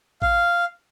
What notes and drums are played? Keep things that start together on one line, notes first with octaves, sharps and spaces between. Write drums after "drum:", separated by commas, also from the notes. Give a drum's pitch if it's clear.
F5, drum: kick A1